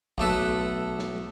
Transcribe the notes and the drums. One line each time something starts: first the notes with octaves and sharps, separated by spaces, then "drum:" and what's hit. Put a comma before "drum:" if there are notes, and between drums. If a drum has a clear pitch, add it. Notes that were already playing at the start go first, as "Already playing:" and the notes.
B1 A3 A4 B4, drum: kick A1
drum: snare